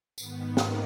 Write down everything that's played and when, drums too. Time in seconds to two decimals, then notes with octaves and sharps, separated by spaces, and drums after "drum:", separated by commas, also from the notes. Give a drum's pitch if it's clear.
0.18 G#2 D#3 B3, drum: tambourine
0.47 A#3
0.57 drum: snare